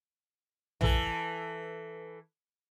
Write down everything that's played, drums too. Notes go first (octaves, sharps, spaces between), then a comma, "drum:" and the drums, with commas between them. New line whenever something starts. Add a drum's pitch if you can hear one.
E3 A4, drum: tom A#1